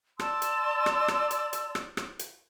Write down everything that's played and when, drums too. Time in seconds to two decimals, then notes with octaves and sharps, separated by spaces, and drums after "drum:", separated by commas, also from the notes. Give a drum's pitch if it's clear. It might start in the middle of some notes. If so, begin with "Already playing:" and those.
0.19 D5 A5 C6 E6, drum: rim click
0.42 drum: hi-hat
0.86 drum: rim click
1.08 drum: rim click
1.31 drum: hi-hat
1.53 drum: hi-hat
1.75 drum: rim click
1.97 drum: rim click
2.19 drum: hi-hat